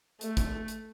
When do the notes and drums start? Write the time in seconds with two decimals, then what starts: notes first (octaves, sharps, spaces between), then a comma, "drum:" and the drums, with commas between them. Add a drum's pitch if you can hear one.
0.21 A3, drum: hi-hat
0.37 drum: kick, hi-hat
0.68 drum: hi-hat